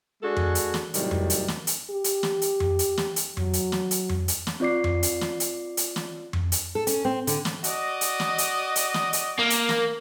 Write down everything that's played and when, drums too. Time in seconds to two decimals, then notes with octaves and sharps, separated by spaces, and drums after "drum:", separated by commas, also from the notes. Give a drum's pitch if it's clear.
0.23 G#3 D4 F#4 G#4 A4
0.36 drum: tom F2
0.55 drum: hi-hat
0.74 drum: snare
0.94 A2 C3 D#3 F#3 G3, drum: hi-hat
1.11 drum: tom F2
1.30 drum: hi-hat
1.48 drum: snare
1.67 drum: hi-hat
1.90 G4
2.04 drum: hi-hat
2.23 drum: snare
2.42 drum: hi-hat
2.60 drum: tom F2
2.79 drum: hi-hat
2.98 drum: snare
3.16 drum: hi-hat
3.37 F#3, drum: tom F2
3.53 drum: hi-hat
3.72 drum: snare
3.91 drum: hi-hat
4.09 drum: tom F2
4.28 drum: hi-hat
4.47 drum: snare
4.60 C4 F4 D5 D6 C7
4.84 drum: tom F2
5.03 drum: hi-hat
5.21 drum: snare
5.40 drum: hi-hat
5.77 drum: hi-hat
5.96 drum: snare
6.33 drum: tom F2
6.52 drum: hi-hat
6.75 A4
6.87 C#4, drum: hi-hat
7.05 C4
7.27 D3, drum: hi-hat
7.45 drum: snare
7.64 F#4 D5 D#5, drum: hi-hat
8.01 drum: hi-hat
8.20 drum: snare
8.38 drum: hi-hat
8.76 drum: hi-hat
8.94 drum: snare
9.13 drum: hi-hat
9.39 A#3
9.50 drum: hi-hat
9.69 drum: snare